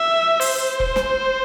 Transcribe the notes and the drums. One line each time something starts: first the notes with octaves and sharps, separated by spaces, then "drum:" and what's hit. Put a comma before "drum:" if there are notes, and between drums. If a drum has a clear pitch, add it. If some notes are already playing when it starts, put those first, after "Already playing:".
Already playing: E5
C5, drum: open hi-hat
drum: kick E1
drum: snare